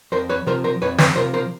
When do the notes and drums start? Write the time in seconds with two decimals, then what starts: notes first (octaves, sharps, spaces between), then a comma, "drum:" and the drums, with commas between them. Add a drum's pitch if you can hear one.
0.12 F2 A#4 C5
0.29 B4 C#5
0.46 C3 F3 A#4 C5
0.64 A#4 C5
0.82 F2 B4 C#5
0.98 B4 C#5, drum: snare
1.16 C3 F3 A#4 C5
1.34 A#4 C5